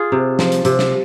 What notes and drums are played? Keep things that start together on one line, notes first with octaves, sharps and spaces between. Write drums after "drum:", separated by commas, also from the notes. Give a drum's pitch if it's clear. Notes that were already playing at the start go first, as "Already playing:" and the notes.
Already playing: F4 G#4
C3
F3, drum: snare
drum: hi-hat
C3, drum: hi-hat
drum: snare